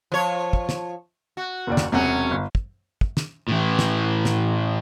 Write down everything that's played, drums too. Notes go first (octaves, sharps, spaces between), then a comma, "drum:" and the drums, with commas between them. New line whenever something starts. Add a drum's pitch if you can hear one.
F3 C#5
drum: kick
drum: snare
F#4
F#1 D#2 D5
drum: snare
E1 C3 F#3 C#4 F#5
G1
drum: kick
drum: kick
drum: snare
A2 E3
drum: snare
drum: snare